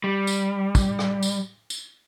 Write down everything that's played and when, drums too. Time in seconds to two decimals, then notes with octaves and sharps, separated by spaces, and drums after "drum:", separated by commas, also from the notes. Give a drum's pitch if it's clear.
0.04 G3
0.27 drum: tambourine
0.75 drum: kick, tambourine
0.99 drum: rim click
1.23 drum: tambourine
1.70 drum: tambourine